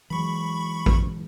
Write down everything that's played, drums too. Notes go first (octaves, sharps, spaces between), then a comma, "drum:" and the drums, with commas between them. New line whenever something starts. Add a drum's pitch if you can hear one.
E3 F#3 G#3 B5 C#6
drum: kick A1